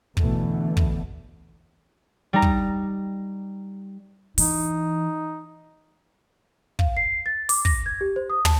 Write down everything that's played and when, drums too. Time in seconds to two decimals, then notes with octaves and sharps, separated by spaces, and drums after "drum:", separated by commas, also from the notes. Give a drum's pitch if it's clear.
0.17 B2 D3 E3 A3, drum: kick
0.77 drum: kick
2.33 G3 D#4 A#5
2.42 drum: kick
4.38 E3 D#4, drum: open hi-hat
6.79 F5, drum: kick
6.97 C7
7.26 A6
7.49 D6, drum: open hi-hat
7.65 A#6, drum: kick
7.86 G#6
8.01 G4
8.16 C5
8.30 D#6
8.45 A5, drum: tom